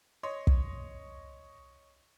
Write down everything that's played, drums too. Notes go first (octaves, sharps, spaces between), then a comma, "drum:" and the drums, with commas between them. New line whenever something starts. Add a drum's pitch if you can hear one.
C#5 D#5 C6
drum: kick